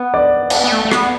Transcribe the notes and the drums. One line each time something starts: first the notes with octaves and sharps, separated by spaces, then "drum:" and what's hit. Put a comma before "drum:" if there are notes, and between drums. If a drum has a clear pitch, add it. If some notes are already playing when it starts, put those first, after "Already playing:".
Already playing: B3
D5
drum: cymbal
B3
A3
A3
B3, drum: rim click